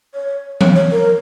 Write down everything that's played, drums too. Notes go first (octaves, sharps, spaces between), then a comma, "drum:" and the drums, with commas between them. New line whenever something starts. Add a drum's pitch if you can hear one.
C#5
C#5, drum: tom E3
C#5
A#4